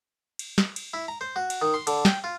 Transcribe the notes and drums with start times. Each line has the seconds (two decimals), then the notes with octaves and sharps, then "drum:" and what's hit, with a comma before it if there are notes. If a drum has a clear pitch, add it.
0.39 drum: cymbal
0.58 drum: snare
0.76 drum: cymbal
0.94 E4
1.08 A#5
1.21 C5
1.36 F#4
1.50 drum: cymbal
1.62 D#3
1.74 C6
1.87 D3, drum: cymbal
2.05 G5, drum: snare
2.24 F4